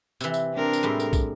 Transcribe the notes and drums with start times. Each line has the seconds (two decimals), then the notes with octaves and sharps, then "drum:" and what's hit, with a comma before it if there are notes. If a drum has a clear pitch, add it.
0.21 C3 E3, drum: tambourine
0.34 drum: tambourine
0.53 C4 D4 A#4
0.73 drum: tambourine
0.83 A2 G3 G#3
1.00 drum: tambourine
1.13 drum: kick, tambourine